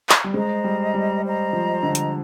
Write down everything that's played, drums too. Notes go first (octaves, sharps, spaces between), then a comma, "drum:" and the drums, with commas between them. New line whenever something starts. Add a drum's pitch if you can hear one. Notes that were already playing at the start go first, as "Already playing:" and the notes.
drum: clap
G3
G#3 C5 D#5 A#5
G3
G3
C5 D#5 A#5
F3
D3
drum: hi-hat